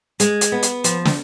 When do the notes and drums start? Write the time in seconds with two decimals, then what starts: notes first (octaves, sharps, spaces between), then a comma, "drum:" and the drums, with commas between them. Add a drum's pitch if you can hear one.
0.20 G#3, drum: hi-hat
0.41 drum: hi-hat
0.52 B3
0.62 drum: hi-hat
0.84 F3, drum: hi-hat
1.05 drum: snare